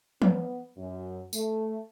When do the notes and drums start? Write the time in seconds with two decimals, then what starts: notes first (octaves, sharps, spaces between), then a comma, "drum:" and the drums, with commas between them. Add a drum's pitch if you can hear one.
0.22 B3, drum: tom E3
0.77 F#2
1.33 A3, drum: tambourine